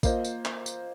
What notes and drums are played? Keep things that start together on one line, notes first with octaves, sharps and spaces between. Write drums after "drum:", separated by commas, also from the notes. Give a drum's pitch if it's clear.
A#3 F4 C5 D#5, drum: kick, tambourine
drum: tambourine
drum: clap
drum: tambourine